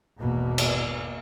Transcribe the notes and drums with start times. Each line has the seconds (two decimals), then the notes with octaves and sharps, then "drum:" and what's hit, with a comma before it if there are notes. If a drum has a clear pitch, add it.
0.20 G#1 E2 B2 A#3
0.58 drum: cymbal